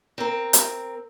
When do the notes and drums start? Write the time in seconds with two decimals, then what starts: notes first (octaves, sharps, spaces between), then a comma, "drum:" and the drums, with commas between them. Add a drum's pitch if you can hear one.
0.18 C4 A#4
0.53 drum: hi-hat